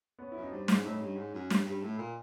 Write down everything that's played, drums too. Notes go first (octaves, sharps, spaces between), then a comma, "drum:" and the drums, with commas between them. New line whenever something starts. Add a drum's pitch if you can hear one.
B3 C#4
F#2 E4
D#4
G2 C4 D4
G#2, drum: snare
A2 C#4 D#4
G2
G#2
F#2
G2, drum: snare
G2
A2
A#2